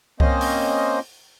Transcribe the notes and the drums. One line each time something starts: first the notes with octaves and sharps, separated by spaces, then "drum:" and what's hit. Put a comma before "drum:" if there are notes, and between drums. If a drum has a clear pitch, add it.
A#3 C4 C#4 C5 D#5, drum: kick C2
drum: open hi-hat